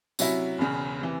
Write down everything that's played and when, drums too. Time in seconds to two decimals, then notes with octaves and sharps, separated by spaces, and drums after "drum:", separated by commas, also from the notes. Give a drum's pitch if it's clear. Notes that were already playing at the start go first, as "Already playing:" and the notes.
0.19 C3 F#3 C#4 E4, drum: tambourine
0.58 E1 E2 C#3
1.00 C3 E3